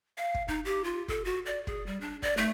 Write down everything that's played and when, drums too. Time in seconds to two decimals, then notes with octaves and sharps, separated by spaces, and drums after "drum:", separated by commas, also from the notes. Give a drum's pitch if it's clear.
0.18 F5
0.34 drum: kick
0.48 D#4, drum: kick
0.65 G4
0.84 F4
1.08 A4, drum: kick
1.25 F#4
1.46 D5
1.67 G#4, drum: kick
1.86 G3
2.01 D4
2.22 D5, drum: kick
2.37 A3, drum: snare